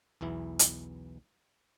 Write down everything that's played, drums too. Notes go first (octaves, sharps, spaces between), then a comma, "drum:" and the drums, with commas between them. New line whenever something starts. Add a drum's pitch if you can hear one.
B1 E2 E3 E4
drum: hi-hat